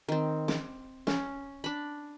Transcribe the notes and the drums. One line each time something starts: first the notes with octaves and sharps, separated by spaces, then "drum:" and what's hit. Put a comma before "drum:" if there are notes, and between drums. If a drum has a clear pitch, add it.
D#3 C4
D6, drum: snare
C#4, drum: snare
D4 B5